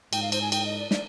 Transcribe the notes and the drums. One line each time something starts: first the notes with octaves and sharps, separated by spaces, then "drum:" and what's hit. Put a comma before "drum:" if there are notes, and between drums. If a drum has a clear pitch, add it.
G#2 G5, drum: cymbal
F5
C5, drum: cymbal
G#5
G5, drum: cymbal
D#5
D5
D5, drum: snare